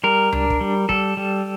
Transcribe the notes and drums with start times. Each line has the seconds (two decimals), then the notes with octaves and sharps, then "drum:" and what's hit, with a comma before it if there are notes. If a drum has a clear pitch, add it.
0.04 G3 A#4
0.32 D4, drum: tom C#2
0.50 drum: kick
0.61 G3
0.89 G3 A4, drum: kick
1.17 G3